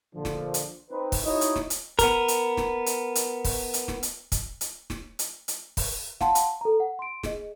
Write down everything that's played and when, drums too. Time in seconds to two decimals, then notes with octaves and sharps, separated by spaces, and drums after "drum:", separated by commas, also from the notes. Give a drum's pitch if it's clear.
0.15 A#1 D3 F3
0.25 drum: snare
0.54 drum: hi-hat
0.90 C4 D#4 B4
1.12 drum: kick, open hi-hat
1.23 D#4 E4 F#4 C#5 D#5
1.41 drum: hi-hat
1.56 drum: snare
1.70 drum: hi-hat
1.99 B3 A#4, drum: kick, hi-hat
2.28 drum: hi-hat
2.57 drum: snare
2.86 drum: hi-hat
3.15 drum: hi-hat
3.45 drum: kick, open hi-hat
3.74 drum: hi-hat
3.88 drum: snare
4.03 drum: hi-hat
4.32 drum: kick, hi-hat
4.61 drum: hi-hat
4.90 drum: snare
5.19 drum: hi-hat
5.48 drum: hi-hat
5.77 drum: kick, open hi-hat
6.21 F5 F#5 A5 C6, drum: snare
6.35 drum: hi-hat
6.61 A4 A#5
6.80 F#5
6.99 C6 D7
7.23 G#4 D#5, drum: snare